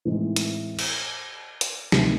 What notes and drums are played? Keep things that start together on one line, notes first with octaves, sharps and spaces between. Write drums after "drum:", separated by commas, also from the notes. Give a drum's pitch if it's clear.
A2 E3 G#3 C4 D#4
drum: hi-hat
drum: cymbal
drum: hi-hat
D2 C3 D#3, drum: snare